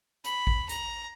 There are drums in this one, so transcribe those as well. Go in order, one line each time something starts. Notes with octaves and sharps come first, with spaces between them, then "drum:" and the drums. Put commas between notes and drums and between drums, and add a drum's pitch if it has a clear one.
B5, drum: hi-hat
drum: kick G#1
A#5, drum: hi-hat